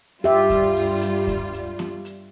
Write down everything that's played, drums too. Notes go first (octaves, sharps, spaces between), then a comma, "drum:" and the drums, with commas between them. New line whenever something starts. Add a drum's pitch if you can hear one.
G2 G3 F4 G4 E5
drum: kick D2, hi-hat
drum: open hi-hat
drum: hi-hat
drum: kick D2, hi-hat
drum: hi-hat
drum: snare B3
drum: hi-hat